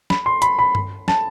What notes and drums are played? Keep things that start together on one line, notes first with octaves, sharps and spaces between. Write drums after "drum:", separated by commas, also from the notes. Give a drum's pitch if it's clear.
B5, drum: snare
C6
B5, drum: hi-hat
B5
drum: tom G2
A5, drum: snare